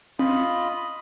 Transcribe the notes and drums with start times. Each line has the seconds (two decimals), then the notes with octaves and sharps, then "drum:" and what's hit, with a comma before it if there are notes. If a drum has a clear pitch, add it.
0.19 F4 D#5 B5, drum: tom C4